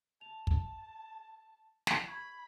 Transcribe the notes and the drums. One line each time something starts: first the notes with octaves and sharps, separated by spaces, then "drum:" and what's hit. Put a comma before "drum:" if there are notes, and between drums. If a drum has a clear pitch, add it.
A5 F7
drum: kick
drum: snare
B5 C#6 G#6